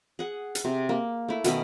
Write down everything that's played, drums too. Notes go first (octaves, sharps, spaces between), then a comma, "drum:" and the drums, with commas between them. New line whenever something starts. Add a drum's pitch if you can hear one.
G#4 F#5
drum: hi-hat
C3
A#3
A3 E4
B2 D#3 C#4 B5, drum: hi-hat